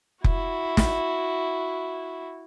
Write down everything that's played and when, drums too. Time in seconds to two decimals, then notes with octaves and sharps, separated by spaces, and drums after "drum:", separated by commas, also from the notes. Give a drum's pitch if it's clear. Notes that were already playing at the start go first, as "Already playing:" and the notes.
0.24 E4 F#4, drum: kick F1
0.77 drum: snare